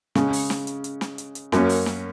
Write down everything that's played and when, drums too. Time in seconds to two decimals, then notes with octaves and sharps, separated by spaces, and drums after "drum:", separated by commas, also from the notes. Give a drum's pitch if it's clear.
0.15 C#3 G#3 C#4, drum: snare
0.33 drum: open hi-hat
0.50 drum: snare
0.67 drum: hi-hat
0.84 drum: hi-hat
1.01 drum: snare
1.18 drum: hi-hat
1.35 drum: hi-hat
1.52 F#2 F#3 A#3 C#4, drum: snare
1.69 drum: open hi-hat
1.86 drum: snare